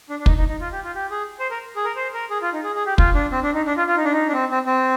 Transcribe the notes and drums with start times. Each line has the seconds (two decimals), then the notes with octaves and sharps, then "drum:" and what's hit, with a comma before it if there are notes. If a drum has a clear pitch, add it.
0.10 D4
0.20 D4
0.26 D#4, drum: kick
0.37 D#4
0.49 D#4
0.60 F4
0.72 G4
0.84 F4
0.95 G4
1.11 G#4
1.39 C5
1.50 A#4
1.76 G#4
1.84 A#4
1.96 C5
2.13 A#4
2.30 G#4
2.42 F4
2.53 D#4
2.64 G#4
2.75 G#4
2.86 G4
2.98 F4, drum: kick
3.15 D4
3.32 C4
3.43 D4
3.54 D#4
3.65 D4
3.77 F4
3.88 F4
3.97 D#4
4.04 D4
4.13 D#4
4.28 D4
4.33 C4
4.51 C4
4.66 C4